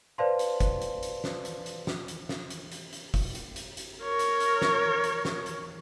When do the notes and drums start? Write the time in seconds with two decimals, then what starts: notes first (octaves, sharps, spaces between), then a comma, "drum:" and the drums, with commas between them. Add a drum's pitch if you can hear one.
0.18 B4 C5 D5 F5 A5 C6
0.39 drum: hi-hat
0.60 drum: kick, hi-hat
0.82 drum: hi-hat
1.03 drum: hi-hat
1.24 drum: snare
1.45 drum: hi-hat
1.66 drum: hi-hat
1.87 drum: snare
2.08 drum: hi-hat
2.29 drum: snare
2.50 drum: hi-hat
2.72 drum: hi-hat
2.93 drum: hi-hat
3.14 drum: kick, open hi-hat
3.35 drum: hi-hat
3.56 drum: hi-hat
3.77 drum: hi-hat
4.03 A#4 C#5
4.19 drum: hi-hat
4.40 drum: hi-hat
4.62 drum: snare
5.04 drum: hi-hat
5.25 drum: snare
5.46 drum: hi-hat